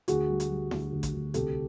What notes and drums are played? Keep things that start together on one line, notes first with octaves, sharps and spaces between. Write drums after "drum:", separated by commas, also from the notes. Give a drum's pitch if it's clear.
D2 F#4 G#4, drum: hi-hat
G3
drum: hi-hat
G3
D2, drum: snare E4
D2
drum: kick A1, hi-hat
D2
C2 G4 A4, drum: hi-hat